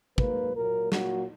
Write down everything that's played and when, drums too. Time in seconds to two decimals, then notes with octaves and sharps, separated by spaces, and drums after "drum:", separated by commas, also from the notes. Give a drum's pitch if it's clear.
0.18 G#2 F#3 A#3 B4, drum: kick
0.55 A#2 F#3 A#3 A#4
0.92 A#2 F#3 A#3 F#4, drum: snare